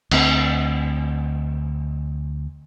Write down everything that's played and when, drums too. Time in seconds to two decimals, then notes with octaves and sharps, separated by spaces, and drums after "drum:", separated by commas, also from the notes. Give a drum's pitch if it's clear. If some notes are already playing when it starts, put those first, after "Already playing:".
0.11 D2 C4, drum: cymbal